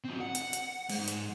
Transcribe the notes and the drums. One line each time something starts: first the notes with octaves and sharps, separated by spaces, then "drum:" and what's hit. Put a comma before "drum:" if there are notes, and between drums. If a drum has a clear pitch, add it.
F#3 C4
F#5
drum: hi-hat
drum: hi-hat
G#2, drum: open hi-hat
drum: hi-hat